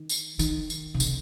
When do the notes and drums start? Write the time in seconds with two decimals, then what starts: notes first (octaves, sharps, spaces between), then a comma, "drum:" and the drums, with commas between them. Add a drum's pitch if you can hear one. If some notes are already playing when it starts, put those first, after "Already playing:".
Already playing: D#3
0.09 drum: tambourine
0.39 D#3, drum: tambourine
0.70 drum: tambourine
0.94 C3
1.00 D3, drum: tambourine